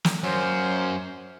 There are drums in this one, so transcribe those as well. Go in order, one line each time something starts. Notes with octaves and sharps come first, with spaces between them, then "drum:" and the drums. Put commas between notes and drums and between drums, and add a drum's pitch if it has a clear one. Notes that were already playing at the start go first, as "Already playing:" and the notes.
drum: snare
F#2 A#3 C#4 C5